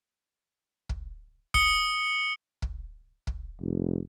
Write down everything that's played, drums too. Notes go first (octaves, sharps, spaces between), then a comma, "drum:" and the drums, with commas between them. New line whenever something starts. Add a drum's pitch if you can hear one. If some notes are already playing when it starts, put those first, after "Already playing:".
drum: kick
D#6 C#7 G7, drum: kick
drum: kick
drum: kick
F1